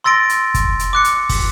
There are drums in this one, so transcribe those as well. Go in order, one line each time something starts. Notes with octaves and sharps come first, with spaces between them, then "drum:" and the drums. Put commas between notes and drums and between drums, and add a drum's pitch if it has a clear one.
C6 E6 A6 A#6 D7
drum: hi-hat
drum: kick, hi-hat
drum: hi-hat
D6 F#6 C#7
drum: hi-hat
drum: kick, open hi-hat